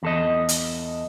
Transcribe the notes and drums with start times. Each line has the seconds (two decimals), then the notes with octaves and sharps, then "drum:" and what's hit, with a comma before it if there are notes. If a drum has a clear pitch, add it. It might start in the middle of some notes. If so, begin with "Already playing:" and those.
0.03 E2 A4 D#5
0.49 drum: hi-hat